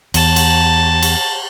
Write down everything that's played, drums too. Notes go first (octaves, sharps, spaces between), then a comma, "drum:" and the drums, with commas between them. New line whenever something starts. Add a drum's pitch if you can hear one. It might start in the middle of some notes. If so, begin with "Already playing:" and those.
E2 A5, drum: cymbal
drum: cymbal
drum: cymbal